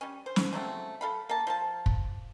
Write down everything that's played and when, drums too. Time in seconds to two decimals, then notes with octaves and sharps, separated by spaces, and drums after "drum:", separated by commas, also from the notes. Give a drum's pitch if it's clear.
0.01 G3 C#4
0.26 C5
0.36 drum: snare
0.53 C#3 F#3 A3 C4
1.01 A4 F5 B5
1.29 A#3 A5
1.47 F3 F4 A5
1.86 drum: kick